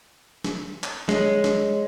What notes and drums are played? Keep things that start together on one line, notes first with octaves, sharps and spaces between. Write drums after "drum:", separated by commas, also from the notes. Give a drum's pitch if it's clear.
drum: snare
drum: clap
G#3 C#5 D#5, drum: snare
drum: snare